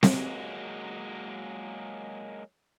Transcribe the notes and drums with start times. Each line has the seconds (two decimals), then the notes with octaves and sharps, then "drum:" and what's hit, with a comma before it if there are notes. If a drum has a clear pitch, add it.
0.03 F#3 G#3 A#3, drum: snare C4